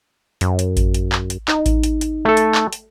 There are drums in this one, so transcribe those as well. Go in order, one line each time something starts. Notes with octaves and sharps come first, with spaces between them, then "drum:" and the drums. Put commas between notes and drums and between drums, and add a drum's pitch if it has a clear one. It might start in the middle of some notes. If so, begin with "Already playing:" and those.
F#2, drum: hi-hat
drum: hi-hat
drum: kick A1, hi-hat
drum: hi-hat
drum: clap
drum: hi-hat
D#4, drum: clap
drum: kick A1, hi-hat
drum: hi-hat
drum: hi-hat
A3 A4
drum: hi-hat
drum: clap
drum: hi-hat